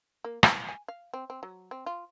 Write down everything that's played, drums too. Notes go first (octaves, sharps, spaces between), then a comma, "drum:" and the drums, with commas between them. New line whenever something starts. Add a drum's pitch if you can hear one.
A#3
E3, drum: rim click
G#5
F5
C4
C4
F#3
C4
F4